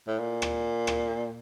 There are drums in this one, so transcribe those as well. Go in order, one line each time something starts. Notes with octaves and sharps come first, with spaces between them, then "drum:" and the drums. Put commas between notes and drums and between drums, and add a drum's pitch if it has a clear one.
A2
A#2
drum: rim click
drum: rim click